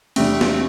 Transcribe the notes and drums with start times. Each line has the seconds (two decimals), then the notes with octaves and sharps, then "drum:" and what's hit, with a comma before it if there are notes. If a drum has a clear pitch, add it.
0.16 E2 C3 G3 A3 C4 D4, drum: cymbal
0.41 drum: snare